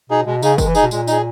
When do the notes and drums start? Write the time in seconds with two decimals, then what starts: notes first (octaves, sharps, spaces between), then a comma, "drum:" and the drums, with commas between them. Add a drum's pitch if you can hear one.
0.10 B2 D#4 G#4
0.26 B2 G#3
0.42 C#3 D#4 G#4, drum: tambourine
0.58 D#3 G#3, drum: kick, tambourine
0.67 E3
0.75 D#4 G#4, drum: tambourine
0.83 B2
0.91 A#2 G#3, drum: tambourine
1.07 D#4 G#4, drum: tambourine